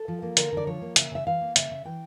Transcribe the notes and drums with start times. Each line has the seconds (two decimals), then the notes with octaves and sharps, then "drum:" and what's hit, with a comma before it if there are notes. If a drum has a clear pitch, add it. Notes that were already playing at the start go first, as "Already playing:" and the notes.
Already playing: A4
0.08 F3
0.22 A#3
0.37 D3 A#4, drum: hi-hat
0.52 D3 D5
0.67 F3 C#5
0.82 A#3
0.96 C#3 E5, drum: hi-hat
1.11 C#3 E5
1.27 E3 F5
1.41 A#3
1.56 C#3 E5, drum: hi-hat
1.71 C#3
1.85 E3 G5